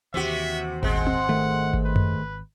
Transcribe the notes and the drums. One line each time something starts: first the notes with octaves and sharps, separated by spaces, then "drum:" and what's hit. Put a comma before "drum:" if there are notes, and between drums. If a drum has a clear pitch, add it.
D#2 C3 E3 F#4 E5
D#1 G#1 G#3 C4 F#5, drum: kick G#1
drum: tom C4
D#3 A3
drum: kick G#1
B4
drum: tom F#2